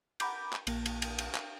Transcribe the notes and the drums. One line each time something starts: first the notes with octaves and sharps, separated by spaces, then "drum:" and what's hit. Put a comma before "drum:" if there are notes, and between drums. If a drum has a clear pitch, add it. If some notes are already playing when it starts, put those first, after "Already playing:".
F#5 A#5 B5 D6 G6, drum: cymbal
drum: clap
A#1 A#3, drum: cymbal
drum: cymbal
drum: cymbal
drum: cymbal
drum: clap